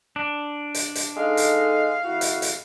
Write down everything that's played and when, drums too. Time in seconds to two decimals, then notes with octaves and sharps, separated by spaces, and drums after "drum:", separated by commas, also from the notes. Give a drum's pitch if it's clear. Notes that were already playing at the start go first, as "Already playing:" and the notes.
0.16 D4
0.74 drum: hi-hat
0.95 drum: hi-hat
1.16 G#3 D#4 A4 F5
1.37 drum: hi-hat
2.04 F2 E4 F#4
2.21 drum: hi-hat
2.42 drum: hi-hat